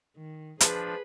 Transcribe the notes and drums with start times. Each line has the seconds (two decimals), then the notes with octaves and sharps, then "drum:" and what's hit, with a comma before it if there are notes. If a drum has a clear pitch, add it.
0.17 D#3
0.61 F3 D4 G#4 B4, drum: hi-hat